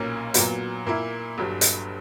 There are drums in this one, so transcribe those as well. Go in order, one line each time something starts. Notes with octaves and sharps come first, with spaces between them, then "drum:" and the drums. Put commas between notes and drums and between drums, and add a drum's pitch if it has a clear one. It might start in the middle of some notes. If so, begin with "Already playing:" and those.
Already playing: B1 A#2 A#3 C#4
A#2 F#3 B3, drum: hi-hat
A#2 A#3 E4
G1 G2 F#3
drum: hi-hat